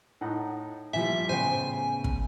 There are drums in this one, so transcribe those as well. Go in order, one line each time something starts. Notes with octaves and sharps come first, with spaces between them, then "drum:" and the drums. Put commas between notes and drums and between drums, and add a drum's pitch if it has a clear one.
A2 D#4 F#5
A#2 E3 F3 G3 E5 G#5
A2 C#3 B3 C5 G5 G#5
drum: kick